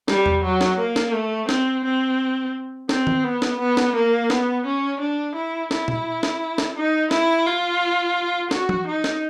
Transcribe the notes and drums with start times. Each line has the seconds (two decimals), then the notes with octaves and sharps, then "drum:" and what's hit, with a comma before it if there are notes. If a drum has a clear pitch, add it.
0.08 G3, drum: snare
0.26 drum: tom E2
0.44 F#3
0.61 drum: snare
0.79 A#3
0.96 drum: snare
1.13 A3
1.49 C4, drum: snare
1.84 C4
2.89 C4, drum: snare
3.07 drum: tom D#3
3.24 B3
3.42 drum: snare
3.59 B3
3.77 drum: snare
3.95 A#3
4.30 B3, drum: snare
4.66 C#4
5.00 D4
5.35 E4
5.71 E4, drum: snare
5.88 drum: tom A#2
6.23 drum: snare
6.58 drum: snare
6.75 D#4
7.11 E4, drum: snare
7.46 F4
8.51 F#4, drum: snare
8.69 drum: tom F3
8.87 D#4
9.04 drum: snare